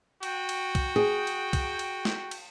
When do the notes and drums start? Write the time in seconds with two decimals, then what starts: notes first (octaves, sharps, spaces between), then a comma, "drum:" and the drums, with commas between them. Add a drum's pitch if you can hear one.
0.23 F#4 G5, drum: cymbal
0.49 drum: cymbal
0.75 drum: kick, cymbal
0.96 G#4
1.27 drum: cymbal
1.53 drum: kick, cymbal
1.79 drum: cymbal
2.05 drum: snare
2.31 drum: cymbal